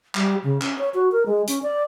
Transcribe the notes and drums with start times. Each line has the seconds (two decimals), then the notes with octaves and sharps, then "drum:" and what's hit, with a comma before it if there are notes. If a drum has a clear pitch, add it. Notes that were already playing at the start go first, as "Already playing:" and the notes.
0.15 G3, drum: clap
0.43 C#3
0.61 C#4, drum: clap
0.78 C#5
0.94 F#4
1.12 A#4
1.26 G#3
1.48 C#4, drum: hi-hat
1.63 D5